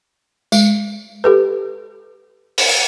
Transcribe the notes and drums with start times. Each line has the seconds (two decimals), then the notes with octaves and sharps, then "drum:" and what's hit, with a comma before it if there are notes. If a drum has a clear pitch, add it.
0.52 G#3, drum: tambourine
1.24 G4 A4 B4
2.58 drum: open hi-hat